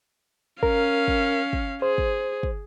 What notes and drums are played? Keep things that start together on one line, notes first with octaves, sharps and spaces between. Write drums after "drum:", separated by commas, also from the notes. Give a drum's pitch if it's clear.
C#4 A#4 F5, drum: kick
drum: kick
drum: kick
G#4 C5
drum: kick
drum: kick